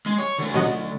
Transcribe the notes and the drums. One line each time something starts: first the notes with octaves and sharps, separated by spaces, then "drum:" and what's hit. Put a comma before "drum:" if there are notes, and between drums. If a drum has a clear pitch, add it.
G#3
C#5
D3 A3
F#3 D#5 F#5, drum: snare A3